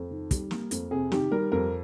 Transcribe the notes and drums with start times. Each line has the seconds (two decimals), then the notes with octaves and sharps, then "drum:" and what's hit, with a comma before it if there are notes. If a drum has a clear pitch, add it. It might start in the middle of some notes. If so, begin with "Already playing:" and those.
Already playing: F2
0.11 D#3
0.31 G3, drum: kick, hi-hat
0.51 A#3, drum: snare
0.71 F2, drum: hi-hat
0.91 C3 G#4
1.12 D#3 G4, drum: snare
1.31 G3 A#4
1.52 F2 A#4